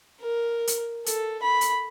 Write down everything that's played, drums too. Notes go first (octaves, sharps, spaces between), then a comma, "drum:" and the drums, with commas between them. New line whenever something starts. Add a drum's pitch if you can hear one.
A#4
drum: hi-hat
A4, drum: hi-hat
B5
drum: hi-hat